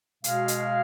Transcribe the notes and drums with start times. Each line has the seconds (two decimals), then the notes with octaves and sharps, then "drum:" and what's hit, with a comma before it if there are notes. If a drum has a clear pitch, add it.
0.24 B2 G#3 F5, drum: hi-hat
0.48 drum: hi-hat
0.61 F5